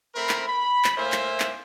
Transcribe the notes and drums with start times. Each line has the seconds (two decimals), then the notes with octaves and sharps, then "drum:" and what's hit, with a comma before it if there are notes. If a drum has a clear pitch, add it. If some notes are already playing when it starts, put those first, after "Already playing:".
0.15 A3 C4 A#4 C5 B5
0.29 drum: clap
0.48 B5
0.84 drum: clap
0.97 A2 A#3 C5 E5 F5 G#5
1.12 drum: clap
1.40 drum: clap